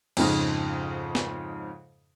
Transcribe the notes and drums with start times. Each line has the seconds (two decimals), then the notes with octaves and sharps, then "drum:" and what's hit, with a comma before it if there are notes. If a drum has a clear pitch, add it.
0.17 F2 G#2 C#3 D#4, drum: cymbal
1.15 drum: snare